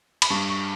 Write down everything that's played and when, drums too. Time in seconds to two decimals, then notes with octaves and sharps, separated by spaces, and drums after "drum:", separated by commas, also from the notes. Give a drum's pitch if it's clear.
0.22 B5, drum: cymbal
0.30 G2 C#6
0.48 C#6